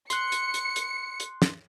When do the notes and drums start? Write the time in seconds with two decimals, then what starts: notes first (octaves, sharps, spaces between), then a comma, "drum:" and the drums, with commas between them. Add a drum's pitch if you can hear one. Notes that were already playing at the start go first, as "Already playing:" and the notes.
0.10 C6 F#6 C#7, drum: hi-hat
0.32 drum: hi-hat
0.54 drum: hi-hat
0.76 drum: hi-hat
1.20 drum: hi-hat
1.42 drum: snare